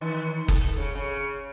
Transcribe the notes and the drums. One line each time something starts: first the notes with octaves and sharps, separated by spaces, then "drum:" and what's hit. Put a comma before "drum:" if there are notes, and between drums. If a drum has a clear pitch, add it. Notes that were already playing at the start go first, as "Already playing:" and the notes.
D#3
A4, drum: kick
C#3
C#3